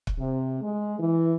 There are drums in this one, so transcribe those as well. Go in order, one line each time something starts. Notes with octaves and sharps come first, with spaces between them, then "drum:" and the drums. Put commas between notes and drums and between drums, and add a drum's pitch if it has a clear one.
drum: kick
C3
G#3
E3